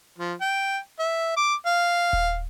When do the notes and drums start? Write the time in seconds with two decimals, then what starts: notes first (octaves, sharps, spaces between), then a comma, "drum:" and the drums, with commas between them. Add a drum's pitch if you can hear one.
0.18 F3
0.41 G5
0.99 E5
1.36 D6
1.66 F5
2.13 drum: kick D#1